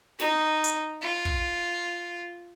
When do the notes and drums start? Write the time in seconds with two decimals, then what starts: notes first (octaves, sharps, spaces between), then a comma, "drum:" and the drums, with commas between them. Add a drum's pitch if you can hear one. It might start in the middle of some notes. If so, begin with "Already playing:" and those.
0.20 D#4, drum: snare
0.64 drum: hi-hat
1.02 F4
1.25 drum: kick